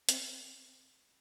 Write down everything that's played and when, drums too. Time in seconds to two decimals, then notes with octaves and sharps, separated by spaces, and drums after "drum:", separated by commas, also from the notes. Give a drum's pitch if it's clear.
0.09 C4, drum: hi-hat